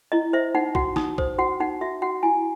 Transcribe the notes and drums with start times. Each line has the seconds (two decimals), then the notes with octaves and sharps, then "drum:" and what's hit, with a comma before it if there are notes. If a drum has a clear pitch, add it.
0.12 E4 D#5
0.33 C5 E5
0.55 D#4 F#5
0.75 F#4 F#5, drum: kick A#1
0.96 D#4 D#6, drum: snare
1.18 C5 D#6, drum: kick A#1
1.38 F#4 F#5
1.60 D#4 F#5
1.81 F#4 E5
2.02 F#4 F#5
2.23 E4 G#5